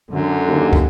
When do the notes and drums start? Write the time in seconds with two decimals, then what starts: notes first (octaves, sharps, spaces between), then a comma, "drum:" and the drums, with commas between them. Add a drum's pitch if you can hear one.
0.11 F#2 D3
0.48 D#2
0.73 drum: kick